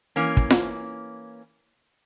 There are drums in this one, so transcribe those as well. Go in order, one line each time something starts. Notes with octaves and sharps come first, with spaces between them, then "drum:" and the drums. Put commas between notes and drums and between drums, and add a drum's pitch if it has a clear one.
E3 A#3 C#4
drum: kick
drum: snare F4